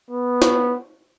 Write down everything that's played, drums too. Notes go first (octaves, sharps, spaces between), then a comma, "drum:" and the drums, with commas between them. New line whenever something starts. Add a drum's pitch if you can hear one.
B3
drum: snare